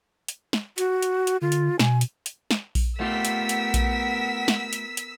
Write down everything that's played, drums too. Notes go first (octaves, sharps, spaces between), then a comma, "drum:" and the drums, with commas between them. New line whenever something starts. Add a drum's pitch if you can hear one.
drum: hi-hat
drum: snare
F#4, drum: hi-hat
drum: hi-hat
drum: hi-hat
D3 F4
drum: hi-hat
B2 G#5, drum: snare
drum: hi-hat
drum: hi-hat
drum: snare
drum: kick A#1, open hi-hat
A3 B3 F4 G4 A#4 F#5 E6 B6
drum: hi-hat
drum: hi-hat
drum: kick A#1, hi-hat
drum: snare
drum: hi-hat
drum: hi-hat